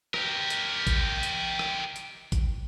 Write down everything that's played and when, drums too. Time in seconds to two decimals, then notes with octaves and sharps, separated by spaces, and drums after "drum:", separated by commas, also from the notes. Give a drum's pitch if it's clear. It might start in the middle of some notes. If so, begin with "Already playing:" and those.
0.14 G4 A#4, drum: rim click
0.50 drum: hi-hat
0.87 drum: kick, hi-hat
1.23 drum: hi-hat
1.59 drum: rim click
1.96 drum: hi-hat
2.32 drum: kick, hi-hat